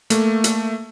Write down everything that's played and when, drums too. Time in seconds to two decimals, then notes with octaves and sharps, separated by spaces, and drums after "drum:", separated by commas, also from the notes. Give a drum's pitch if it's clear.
0.10 A3 A#3, drum: hi-hat
0.44 drum: hi-hat